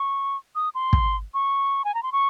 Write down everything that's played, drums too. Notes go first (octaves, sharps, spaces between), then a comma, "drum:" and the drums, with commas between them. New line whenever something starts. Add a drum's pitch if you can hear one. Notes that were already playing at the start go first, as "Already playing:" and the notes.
Already playing: C#6
D#6
C6
drum: kick
C#6
G#5
A#5
C6
C#6